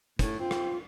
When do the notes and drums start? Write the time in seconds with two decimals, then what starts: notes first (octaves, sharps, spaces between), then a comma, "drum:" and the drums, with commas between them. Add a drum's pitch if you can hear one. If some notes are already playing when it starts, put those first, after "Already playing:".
0.19 A2, drum: kick, hi-hat
0.39 C4 F4
0.51 drum: rim click